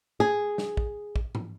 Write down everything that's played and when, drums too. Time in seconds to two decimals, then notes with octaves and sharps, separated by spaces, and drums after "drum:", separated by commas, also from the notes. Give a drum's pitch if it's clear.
0.20 G#4
0.58 drum: snare
0.77 drum: kick
1.16 drum: kick
1.35 drum: tom G#2